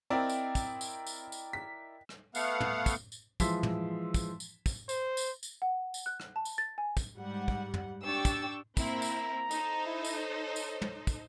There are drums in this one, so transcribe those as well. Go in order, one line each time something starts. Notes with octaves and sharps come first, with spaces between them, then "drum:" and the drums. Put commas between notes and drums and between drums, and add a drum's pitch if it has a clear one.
C4 E4 A#4 D5 D#5 G5
drum: tambourine
drum: kick, tambourine
drum: tambourine
drum: tambourine
drum: tambourine
B6
drum: rim click
A3 B3 F5 F#5, drum: tambourine
drum: tom
drum: kick, tambourine
drum: tambourine
E3 F3 G#3 C6 E6 B6, drum: kick, tambourine
drum: tom
drum: kick, tambourine
drum: tambourine
drum: kick, tambourine
C5, drum: tambourine
drum: tambourine
drum: tambourine
F#5
drum: tambourine
F#6
drum: rim click
A5
drum: tambourine
A6
G#5
drum: kick, tambourine
G#2 G3 F#5
drum: kick
drum: tom
D4 G4 G5 C#6 E6 A6
drum: kick, tambourine
A#3 C4 E4 A#5, drum: kick, tambourine
drum: tambourine
D#4 A4 C5, drum: tambourine
E4
drum: tambourine
C#5
drum: tambourine
drum: tom
drum: kick, tambourine